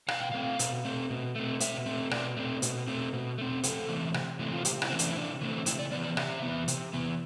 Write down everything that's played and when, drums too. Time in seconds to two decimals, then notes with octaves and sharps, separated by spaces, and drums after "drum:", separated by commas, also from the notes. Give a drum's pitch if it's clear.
0.08 B2 F5, drum: rim click
0.19 G5
0.32 A3 C4 F5
0.59 B2, drum: hi-hat
0.85 A3 C4
1.10 B2
1.35 A3 C4
1.60 B2 E5, drum: hi-hat
1.86 A3 C4
2.11 B2 D5, drum: rim click
2.37 A3 C4
2.62 B2, drum: hi-hat
2.88 A3 C4
3.13 B2
3.38 A3 C4
3.63 C3 A4, drum: hi-hat
3.89 E3 A3 C4
4.14 C3, drum: rim click
4.39 E3 A3 C4 E4
4.54 F4
4.65 C3 G4, drum: hi-hat
4.82 E4, drum: rim click
4.90 E3 A3 C4
4.99 D4, drum: hi-hat
5.08 E4
5.16 C3 D4
5.41 E3 A3 C4
5.66 C3 E4, drum: hi-hat
5.79 D5
5.92 E3 B3 D5
6.04 D5
6.17 C3 E5, drum: rim click
6.42 E3 B3
6.68 C3, drum: hi-hat
6.93 E3 B3